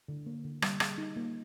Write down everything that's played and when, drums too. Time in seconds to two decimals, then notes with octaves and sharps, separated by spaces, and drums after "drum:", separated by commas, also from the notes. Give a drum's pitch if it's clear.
0.08 D3
0.26 A#3
0.44 D3
0.62 G3, drum: rim click
0.80 G#4, drum: rim click
0.98 D#4
1.16 A#3